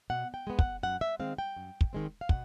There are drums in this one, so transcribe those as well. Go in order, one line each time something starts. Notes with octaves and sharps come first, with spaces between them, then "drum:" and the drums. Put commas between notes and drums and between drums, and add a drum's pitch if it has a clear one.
B2 F#5
G5
G#3 B3
F#5, drum: kick
F#2 F#5
E5
D#3 G#3 C4 F5
G5
F#2
drum: kick
D#3 G#3 C4
F5
B2 F#5, drum: kick